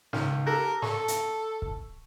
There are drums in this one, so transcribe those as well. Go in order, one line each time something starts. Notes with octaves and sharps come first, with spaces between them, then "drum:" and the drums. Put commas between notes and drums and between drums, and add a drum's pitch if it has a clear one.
C#2 D#3 F6, drum: snare
G4 A4 A#4 F#6
A4 C#6, drum: snare
drum: hi-hat
drum: kick